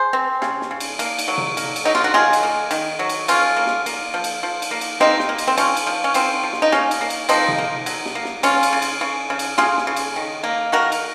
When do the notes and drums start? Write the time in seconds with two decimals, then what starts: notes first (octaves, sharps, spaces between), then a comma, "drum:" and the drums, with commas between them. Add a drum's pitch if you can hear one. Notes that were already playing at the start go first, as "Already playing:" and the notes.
Already playing: G#4 C5
0.13 C4
0.42 C#3, drum: snare
0.61 drum: snare
0.71 C#3
0.80 drum: cymbal
0.99 A#3, drum: cymbal
1.19 drum: cymbal
1.28 F#3
1.38 drum: tom C3
1.57 A#3, drum: cymbal
1.76 drum: cymbal
1.85 F#3 D#4
1.95 F4, drum: snare
2.04 F#4
2.14 D#3 F4 G#4, drum: snare
2.33 drum: cymbal
2.43 A#3
2.71 D#3, drum: cymbal
2.99 F#3
3.09 drum: cymbal
3.28 F3 C#4 F4, drum: cymbal
3.57 A#3
3.67 drum: snare
3.86 A#3, drum: cymbal
4.14 F3
4.24 drum: cymbal
4.43 F3
4.62 drum: cymbal
4.71 A#3
4.81 drum: cymbal
5.00 A#3 C4 D#4, drum: snare
5.19 drum: snare
5.29 A#3
5.38 drum: cymbal
5.47 C4
5.58 F3 C#4, drum: cymbal
5.77 drum: cymbal
5.87 F3
6.04 C#4
6.14 F3 C4, drum: cymbal
6.43 F3
6.53 drum: snare
6.62 D#4
6.72 A#3 C#4, drum: snare
6.91 drum: cymbal
7.01 A#3
7.10 drum: cymbal
7.29 F3 C4 D#4, drum: cymbal
7.48 drum: tom C3
7.58 A#3
7.86 F#3, drum: cymbal
8.06 drum: snare
8.15 A#3
8.25 drum: snare
8.43 C#3 C#4 F4, drum: cymbal
8.63 drum: cymbal
8.73 C#3
8.82 drum: cymbal
9.01 C#3
9.30 C#3
9.39 drum: cymbal
9.58 C#3 F4 G#4, drum: snare
9.77 drum: snare
9.87 C#3
9.96 drum: cymbal
10.16 D#3
10.44 A#3
10.72 D#3 F#4 A#4
10.92 drum: cymbal